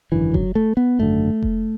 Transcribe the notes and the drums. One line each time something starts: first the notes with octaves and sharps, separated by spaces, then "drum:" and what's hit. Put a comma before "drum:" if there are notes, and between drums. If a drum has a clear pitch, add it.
G#1 F#2 D3 E3
F#3, drum: kick F1
A3
B3
G#1 F#2 D3 A3
drum: kick F1